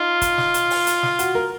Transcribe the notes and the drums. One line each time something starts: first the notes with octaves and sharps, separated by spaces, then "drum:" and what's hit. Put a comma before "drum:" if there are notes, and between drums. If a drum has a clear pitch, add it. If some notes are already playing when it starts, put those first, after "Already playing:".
Already playing: D#4 F4
drum: kick, hi-hat
drum: snare
drum: hi-hat
drum: open hi-hat
drum: hi-hat
drum: snare
F#4, drum: hi-hat
A#4